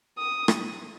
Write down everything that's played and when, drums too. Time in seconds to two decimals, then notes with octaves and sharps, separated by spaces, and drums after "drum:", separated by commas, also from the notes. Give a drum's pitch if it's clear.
0.19 D#6
0.48 drum: rim click